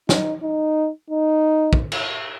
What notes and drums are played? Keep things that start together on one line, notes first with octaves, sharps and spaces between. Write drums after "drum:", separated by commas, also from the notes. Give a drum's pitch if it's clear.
D#4, drum: snare
D#4
D#4
drum: kick
drum: cymbal